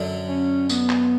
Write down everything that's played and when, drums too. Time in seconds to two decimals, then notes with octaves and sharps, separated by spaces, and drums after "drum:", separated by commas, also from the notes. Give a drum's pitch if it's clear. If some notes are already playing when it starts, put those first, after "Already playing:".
Already playing: F#2 D3 F#3
0.28 C#4
0.69 B3, drum: tambourine
0.90 drum: clap